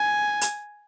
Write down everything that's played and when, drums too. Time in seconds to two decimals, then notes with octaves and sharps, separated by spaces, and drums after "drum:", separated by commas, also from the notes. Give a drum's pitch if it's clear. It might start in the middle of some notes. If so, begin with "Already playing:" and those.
Already playing: G#5
0.41 drum: hi-hat